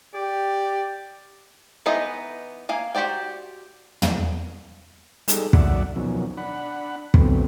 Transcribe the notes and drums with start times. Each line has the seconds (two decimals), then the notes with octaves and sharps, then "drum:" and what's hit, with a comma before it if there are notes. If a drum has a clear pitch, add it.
0.14 G4 D5
1.86 E3 B3 D#4 C5 D#5
2.69 A#3 F5 G#5
2.95 F#4 G4 C5 D5 G5
4.02 drum: tom
5.28 G3 D#4 G#4 A4, drum: hi-hat
5.53 D#2 F#3 D5 E5 F#5, drum: kick
5.96 B2 D#3 F3 F#3 C#4
6.37 D4 F#5 B5
7.14 D3 F#3 A3 B3 C4, drum: kick